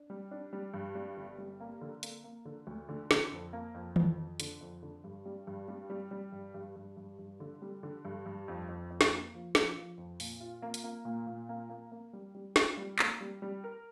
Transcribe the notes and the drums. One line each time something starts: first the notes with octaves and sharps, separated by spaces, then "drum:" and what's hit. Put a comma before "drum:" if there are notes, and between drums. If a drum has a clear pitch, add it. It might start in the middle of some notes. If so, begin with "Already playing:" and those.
Already playing: D4
G3
D4
G3
G2
G3
G1
G3
A#3
D3
A#3, drum: hi-hat
A#3
D3
D2
D3
D3, drum: snare
F2
A#3
F2
F2, drum: tom D#3
F2
D3, drum: hi-hat
F2
D3
G2
G3
G2
G3
G3
G3
G2
G2
G2
G2
G2
D3
G3
D3
G2
G2
F2
F2
F2
drum: snare
A#3
F3
F3, drum: snare
F3
F2
A#2, drum: open hi-hat
F4
A#3
drum: hi-hat
A#3
A#2
A#2
A#3
A#3
A#3
G3
G3
F4, drum: snare
G3
A#3, drum: clap
G3
G3
A#4